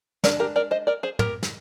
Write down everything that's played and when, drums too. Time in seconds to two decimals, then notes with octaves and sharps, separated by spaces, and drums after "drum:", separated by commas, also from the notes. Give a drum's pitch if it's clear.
0.24 G#3 D4 A#4 D5, drum: snare
0.40 G4 A#4
0.56 A#4 D5
0.71 C5 D#5
0.87 A#4 D5
1.03 G#4 C5
1.19 G4 A#4, drum: tom
1.43 drum: snare